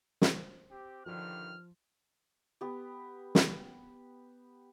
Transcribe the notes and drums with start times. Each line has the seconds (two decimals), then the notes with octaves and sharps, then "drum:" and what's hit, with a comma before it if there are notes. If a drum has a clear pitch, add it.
0.22 C5, drum: snare
0.71 C4 G4
1.06 G2 D3 D#3 F3 F6
2.61 B3 G4
3.35 drum: snare